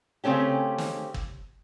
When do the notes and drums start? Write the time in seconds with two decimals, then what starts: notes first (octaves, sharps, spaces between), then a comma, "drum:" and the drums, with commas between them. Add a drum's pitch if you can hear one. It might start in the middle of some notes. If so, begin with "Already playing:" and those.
0.24 C#3 A3 C4 C#4 G4
0.78 drum: snare
1.14 drum: kick G1